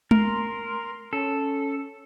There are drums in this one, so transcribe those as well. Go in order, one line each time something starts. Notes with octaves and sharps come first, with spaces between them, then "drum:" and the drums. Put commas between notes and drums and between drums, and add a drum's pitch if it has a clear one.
A#4 C6, drum: tom G#3
C#4 A4